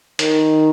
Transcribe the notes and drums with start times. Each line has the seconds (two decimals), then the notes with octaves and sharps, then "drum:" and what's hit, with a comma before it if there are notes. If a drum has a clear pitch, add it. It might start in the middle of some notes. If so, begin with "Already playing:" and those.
0.19 D#3, drum: hi-hat